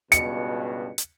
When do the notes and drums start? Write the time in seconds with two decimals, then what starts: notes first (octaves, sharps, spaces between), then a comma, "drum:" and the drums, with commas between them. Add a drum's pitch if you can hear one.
0.12 C#2 G2 B2 C#7, drum: hi-hat
0.98 drum: hi-hat